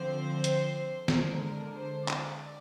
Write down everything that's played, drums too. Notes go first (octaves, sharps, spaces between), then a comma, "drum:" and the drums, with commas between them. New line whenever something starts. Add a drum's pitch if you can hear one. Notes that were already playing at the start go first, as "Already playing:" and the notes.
Already playing: D3 F3 C4 C5
drum: hi-hat
D3 G#3 D4 A#4, drum: snare
A#4
C5
D5, drum: clap